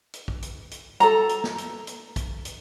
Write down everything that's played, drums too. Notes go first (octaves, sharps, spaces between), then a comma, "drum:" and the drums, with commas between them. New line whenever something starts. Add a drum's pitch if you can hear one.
drum: hi-hat
drum: kick
drum: hi-hat
drum: hi-hat
A4 A#5, drum: hi-hat
drum: hi-hat
drum: snare
drum: hi-hat
drum: hi-hat
drum: kick, hi-hat
drum: hi-hat